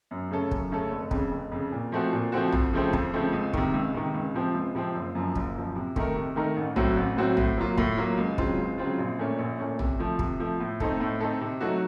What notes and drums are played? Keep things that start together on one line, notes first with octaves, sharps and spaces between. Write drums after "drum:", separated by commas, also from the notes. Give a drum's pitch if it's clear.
F#2
C#3 A3 C#4 A4
F#2, drum: kick
C#3 A3 C#4 A4
F1
F2 C#3, drum: kick
F1
F2 C#3
A#2
F3 A3 C4 F#4
A#2
F3 A3 C4 F#4
F2, drum: tom
C#3 F3 A3 C4
F2, drum: kick
C#3 F3 A3 C4
C#2
C3 D#3, drum: kick
C#2
C3 D#3
C#2
C3 F3 C4
C#2
C3 F3 C4
F#1
F#2 F3
F#1, drum: kick
F#2 F3
C3
D#3 A3 D#4 A#4, drum: kick
C3
D#3 A3 D#4 A#4
A1
A2 F#3 C4 F#4, drum: tom
A1
A2 F#3 C4 F#4
A2, drum: tom
F#3 A#3 F4
A2, drum: kick
F#3 A#3 F4
C#2
C#3 F#3 C4 F4, drum: kick
C#2
C#3 F#3 C4 F4
A#1
A#2 A3 C#4
A#1
A#2 A3 C#4
C3, drum: tom
F3 A3
C3, drum: kick
F3 A3
A2
A3 C4 D#4 A4, drum: kick
A2
A3 C4 D#4 A4
C3
F#3 A3 D#4 F#4